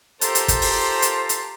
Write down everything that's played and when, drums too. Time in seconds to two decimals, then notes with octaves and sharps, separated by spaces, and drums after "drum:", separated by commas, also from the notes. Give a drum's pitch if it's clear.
0.21 F4 G4 A4 A#4 C5 A5 A#5 C6, drum: hi-hat
0.35 drum: hi-hat
0.48 drum: kick, hi-hat
0.62 drum: open hi-hat
1.02 drum: hi-hat
1.29 drum: hi-hat